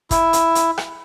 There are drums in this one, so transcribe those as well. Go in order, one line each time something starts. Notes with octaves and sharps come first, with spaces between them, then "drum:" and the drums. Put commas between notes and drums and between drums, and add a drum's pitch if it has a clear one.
E4, drum: kick, hi-hat
drum: hi-hat
drum: hi-hat
drum: rim click